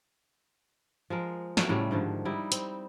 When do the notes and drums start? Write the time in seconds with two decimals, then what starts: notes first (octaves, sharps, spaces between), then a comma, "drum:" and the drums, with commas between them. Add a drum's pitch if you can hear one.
1.10 F3 G#3 A#4
1.57 A3 A#3 F#4, drum: snare
1.69 A2 C#3 G3 A3
1.91 G#2 D3 D#3 F3
2.25 G3 D#4 E4
2.52 C4, drum: hi-hat